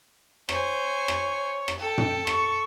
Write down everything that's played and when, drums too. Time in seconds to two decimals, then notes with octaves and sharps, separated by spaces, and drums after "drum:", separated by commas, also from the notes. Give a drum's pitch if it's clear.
0.49 C5 C#5 G#5, drum: rim click
1.08 drum: rim click
1.68 drum: rim click
1.79 A4 G5
1.98 drum: tom
2.27 C#6, drum: rim click